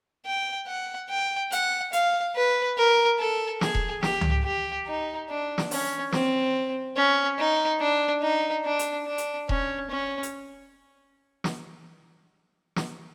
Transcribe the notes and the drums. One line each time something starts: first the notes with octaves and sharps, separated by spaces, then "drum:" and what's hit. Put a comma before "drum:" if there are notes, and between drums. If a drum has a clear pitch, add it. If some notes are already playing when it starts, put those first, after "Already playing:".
G5
F#5
G5
F#5, drum: hi-hat
F5, drum: hi-hat
B4
A#4
A4
G#4, drum: snare
drum: kick E1
G4, drum: snare
drum: tom C#2
G4
D#4
D4
drum: snare
C#4, drum: open hi-hat
C4, drum: snare
C#4
D#4
D4
D#4
D4
drum: hi-hat
D4
drum: hi-hat
C#4, drum: kick E1
C#4
drum: hi-hat
drum: snare
drum: snare